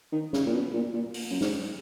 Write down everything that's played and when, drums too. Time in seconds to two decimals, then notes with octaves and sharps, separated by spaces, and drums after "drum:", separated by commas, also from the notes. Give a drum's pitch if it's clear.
0.12 D#3
0.33 C#3, drum: snare
0.46 A#2
0.53 B2
0.73 A#2
0.93 A#2
1.14 drum: open hi-hat
1.31 F#2
1.41 G#2, drum: snare